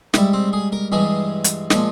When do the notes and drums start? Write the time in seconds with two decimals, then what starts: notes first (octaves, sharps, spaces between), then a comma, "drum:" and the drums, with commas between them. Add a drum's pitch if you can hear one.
0.14 G#2 G3 E4, drum: snare
0.33 C4
0.53 G#4
0.72 A#4
0.92 G2 E3 G#3 G#4
1.44 drum: hi-hat
1.70 A#2 F3 G#3, drum: snare